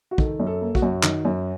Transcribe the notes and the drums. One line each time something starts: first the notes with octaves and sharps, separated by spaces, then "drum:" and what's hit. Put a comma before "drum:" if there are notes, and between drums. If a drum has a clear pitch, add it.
F#4
D#3 A4, drum: kick
F#2
A4
A#3
F#4, drum: kick
F#2
D#3, drum: clap
F#2